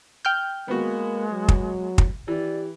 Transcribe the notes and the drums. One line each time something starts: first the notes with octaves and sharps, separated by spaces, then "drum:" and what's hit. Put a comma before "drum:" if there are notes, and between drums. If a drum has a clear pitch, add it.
G5 F6 G6
G#3 A#3 B3 F#4
F#3
drum: kick
drum: kick
E3 G4 D5